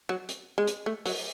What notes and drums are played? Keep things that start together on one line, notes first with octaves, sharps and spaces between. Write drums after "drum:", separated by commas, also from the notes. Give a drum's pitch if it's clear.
F#3
drum: hi-hat
G#3
drum: hi-hat
A3
F#3, drum: open hi-hat